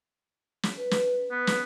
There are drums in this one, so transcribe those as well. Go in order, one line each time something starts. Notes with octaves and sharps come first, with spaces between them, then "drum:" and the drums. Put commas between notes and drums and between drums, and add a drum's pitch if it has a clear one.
drum: snare
B4
drum: snare
B3
drum: snare